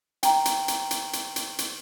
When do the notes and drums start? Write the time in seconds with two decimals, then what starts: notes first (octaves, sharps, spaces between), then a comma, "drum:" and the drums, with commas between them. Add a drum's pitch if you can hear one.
0.23 G5 A#5, drum: hi-hat
0.45 drum: hi-hat
0.68 drum: hi-hat
0.91 drum: hi-hat
1.13 drum: hi-hat
1.36 drum: hi-hat
1.58 drum: hi-hat